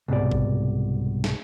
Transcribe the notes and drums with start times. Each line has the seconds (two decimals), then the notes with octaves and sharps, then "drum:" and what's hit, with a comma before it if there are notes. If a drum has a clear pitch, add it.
0.08 C2 G#2 B2 D5
0.32 drum: kick A1
1.24 drum: snare